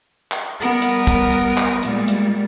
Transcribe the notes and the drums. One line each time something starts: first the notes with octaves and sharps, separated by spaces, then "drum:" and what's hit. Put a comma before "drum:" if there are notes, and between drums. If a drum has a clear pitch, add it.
drum: clap
G3 B3 A#4
drum: hi-hat
drum: kick, hi-hat
drum: hi-hat
drum: clap
A#2 G3 G#3, drum: hi-hat
drum: hi-hat